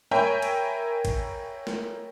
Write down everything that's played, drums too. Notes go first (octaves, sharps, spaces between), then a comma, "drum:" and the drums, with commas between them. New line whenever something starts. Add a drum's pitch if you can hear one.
A#4 C#5 E5 G5 G#5 B5
drum: cymbal
drum: kick G#1, cymbal
drum: snare